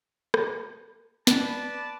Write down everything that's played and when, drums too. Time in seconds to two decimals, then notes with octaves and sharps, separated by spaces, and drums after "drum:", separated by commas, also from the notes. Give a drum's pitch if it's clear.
0.34 drum: rim click
1.27 B4 D5 A5, drum: snare